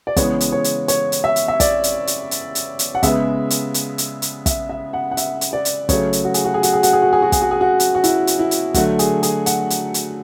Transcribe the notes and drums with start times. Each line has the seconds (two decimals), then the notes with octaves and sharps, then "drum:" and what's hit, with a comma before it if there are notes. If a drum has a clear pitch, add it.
0.07 D5
0.16 C#3 E3 G#3 B3 C#5, drum: kick, hi-hat
0.40 drum: hi-hat
0.52 C#5
0.64 drum: hi-hat
0.88 C#5, drum: hi-hat
1.12 drum: hi-hat
1.24 E5
1.36 drum: hi-hat
1.48 E5
1.60 D5, drum: kick, hi-hat
1.84 drum: hi-hat
2.07 drum: hi-hat
2.31 drum: hi-hat
2.55 drum: hi-hat
2.79 drum: hi-hat
2.95 F#5
3.03 C#3 G#3 B3 E5, drum: kick, hi-hat
3.50 drum: hi-hat
3.74 drum: hi-hat
3.98 drum: hi-hat
4.22 drum: hi-hat
4.46 E5, drum: kick, hi-hat
4.69 E5
4.93 F#5
5.11 F#5
5.17 E5, drum: hi-hat
5.41 drum: hi-hat
5.53 D5
5.65 drum: hi-hat
5.89 C#3 F#3 A3 C#5, drum: kick, hi-hat
6.13 drum: hi-hat
6.24 F#4
6.34 G#4, drum: hi-hat
6.45 F#4
6.54 G#4
6.63 F#4, drum: hi-hat
6.73 G#4
6.83 F#4, drum: hi-hat
6.93 G#4
7.02 F#4
7.13 G#4
7.22 F#4
7.32 G#4, drum: kick, hi-hat
7.42 F#4
7.51 G#4
7.61 F#4
7.80 drum: hi-hat
7.95 F#4
8.04 E4, drum: hi-hat
8.27 drum: hi-hat
8.39 E4
8.51 drum: hi-hat
8.74 D3 F#3 A3 F#4, drum: kick, hi-hat
8.99 G#4, drum: hi-hat
9.23 G#4, drum: hi-hat
9.46 F#5, drum: hi-hat
9.70 drum: hi-hat
9.94 drum: hi-hat